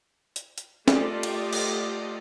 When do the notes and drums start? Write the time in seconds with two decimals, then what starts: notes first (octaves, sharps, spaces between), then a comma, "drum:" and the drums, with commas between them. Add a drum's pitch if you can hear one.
0.36 drum: hi-hat
0.58 drum: hi-hat
0.88 A3 F4 G4 A4 D5 D#5, drum: snare
1.23 drum: cymbal
1.53 drum: cymbal